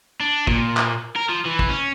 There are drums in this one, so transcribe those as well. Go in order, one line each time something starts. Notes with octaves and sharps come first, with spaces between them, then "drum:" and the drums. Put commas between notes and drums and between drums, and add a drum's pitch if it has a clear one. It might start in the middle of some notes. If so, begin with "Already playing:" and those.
D4
A#2, drum: kick
drum: clap
A#4
F3
E3
drum: kick
C#4